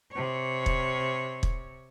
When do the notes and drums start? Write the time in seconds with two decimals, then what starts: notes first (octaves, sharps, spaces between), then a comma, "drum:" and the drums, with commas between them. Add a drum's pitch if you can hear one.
0.11 C3 C#5
0.66 drum: kick
1.43 drum: kick